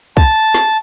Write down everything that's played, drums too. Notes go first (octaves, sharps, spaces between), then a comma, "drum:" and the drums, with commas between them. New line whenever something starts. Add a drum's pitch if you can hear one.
A5, drum: kick
drum: snare